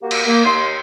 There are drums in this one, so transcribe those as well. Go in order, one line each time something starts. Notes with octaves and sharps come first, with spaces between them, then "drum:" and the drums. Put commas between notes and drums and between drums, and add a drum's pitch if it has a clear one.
A#3 F#4 G4
drum: cymbal
A#3
D#2 C6